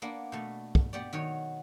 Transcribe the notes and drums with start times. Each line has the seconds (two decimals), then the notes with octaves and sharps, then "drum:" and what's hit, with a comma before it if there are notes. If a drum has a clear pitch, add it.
0.02 A#3 B3 D4
0.32 B2 A3
0.75 drum: kick
0.93 B3 G4 D5
1.13 D#3 F#3 C#5